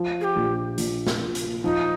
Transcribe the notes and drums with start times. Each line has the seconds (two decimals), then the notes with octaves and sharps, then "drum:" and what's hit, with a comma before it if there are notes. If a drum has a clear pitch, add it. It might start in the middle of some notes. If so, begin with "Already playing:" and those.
Already playing: F3
0.21 G#4
0.24 G4
0.36 A#1
0.78 A#1, drum: hi-hat
1.07 drum: snare
1.21 A#2
1.35 drum: hi-hat
1.63 F3 D#4